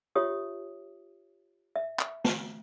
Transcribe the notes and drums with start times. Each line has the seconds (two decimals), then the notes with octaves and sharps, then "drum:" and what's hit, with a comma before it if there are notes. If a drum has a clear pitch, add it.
0.15 F4 G4 C#5 E5 D#6
1.76 E5
1.99 drum: clap
2.24 drum: snare